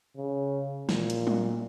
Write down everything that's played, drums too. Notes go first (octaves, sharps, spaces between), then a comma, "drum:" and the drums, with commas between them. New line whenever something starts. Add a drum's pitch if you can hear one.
C#3
A#2, drum: snare
drum: hi-hat
drum: tom